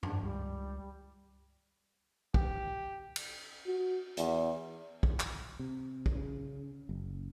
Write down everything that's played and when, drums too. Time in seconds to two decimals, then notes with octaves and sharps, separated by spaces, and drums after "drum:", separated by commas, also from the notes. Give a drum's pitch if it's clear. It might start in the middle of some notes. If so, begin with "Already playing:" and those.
0.03 F#2 D4, drum: tom G2
0.23 C#2 G3
2.34 G4, drum: kick
3.16 drum: cymbal
3.66 F#4
4.17 E2, drum: hi-hat
5.03 drum: kick
5.20 drum: clap
5.59 C3
6.06 drum: kick
6.15 C#3
6.89 F#1